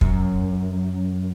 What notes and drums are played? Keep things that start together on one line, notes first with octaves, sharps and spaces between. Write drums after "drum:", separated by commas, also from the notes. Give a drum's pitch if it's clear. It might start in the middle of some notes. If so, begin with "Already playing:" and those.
F#2, drum: kick